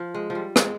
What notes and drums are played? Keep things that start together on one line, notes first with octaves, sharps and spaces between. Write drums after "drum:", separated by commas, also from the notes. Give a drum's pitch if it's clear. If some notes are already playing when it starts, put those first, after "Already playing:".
Already playing: F3
G#3
F3
G3
G#3, drum: rim click